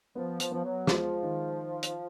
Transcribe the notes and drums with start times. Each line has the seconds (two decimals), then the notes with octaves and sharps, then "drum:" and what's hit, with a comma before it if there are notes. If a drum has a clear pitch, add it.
0.15 F3 B3
0.40 F3, drum: hi-hat
0.51 F3 B3
0.63 F#3
0.87 F3 G#3, drum: snare
1.23 D#3
1.83 drum: hi-hat